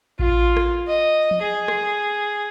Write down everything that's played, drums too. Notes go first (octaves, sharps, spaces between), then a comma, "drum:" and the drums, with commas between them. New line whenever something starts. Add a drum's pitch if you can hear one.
F4, drum: kick A1
drum: rim click
D#5
drum: tom
G#4
drum: rim click